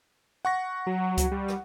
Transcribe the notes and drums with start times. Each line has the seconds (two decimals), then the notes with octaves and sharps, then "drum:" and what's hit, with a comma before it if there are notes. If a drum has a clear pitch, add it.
0.45 F#5 C#6 A#6
0.87 F#3
1.18 drum: kick C#2, hi-hat
1.31 G3
1.48 drum: rim click